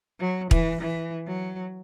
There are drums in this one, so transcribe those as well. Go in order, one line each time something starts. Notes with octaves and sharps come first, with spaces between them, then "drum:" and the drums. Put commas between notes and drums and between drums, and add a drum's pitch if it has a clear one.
F#3
E3, drum: kick
E3
F#3